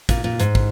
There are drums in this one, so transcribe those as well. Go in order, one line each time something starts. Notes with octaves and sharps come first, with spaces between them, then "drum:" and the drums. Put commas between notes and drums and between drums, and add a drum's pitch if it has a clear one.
A#2, drum: kick, hi-hat
A#2
G#2, drum: hi-hat
drum: kick